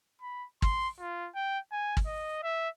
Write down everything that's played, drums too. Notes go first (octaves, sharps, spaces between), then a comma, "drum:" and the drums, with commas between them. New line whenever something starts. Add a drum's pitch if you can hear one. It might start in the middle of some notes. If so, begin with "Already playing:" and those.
B5
C6, drum: kick G#1
F4
G5
G#5
drum: kick G#1
D#5
E5